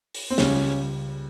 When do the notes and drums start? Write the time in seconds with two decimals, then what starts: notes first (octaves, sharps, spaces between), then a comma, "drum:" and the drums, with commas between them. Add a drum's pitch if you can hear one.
0.14 drum: open hi-hat
0.30 C4
0.38 C#2 C#3 G3 C#4, drum: snare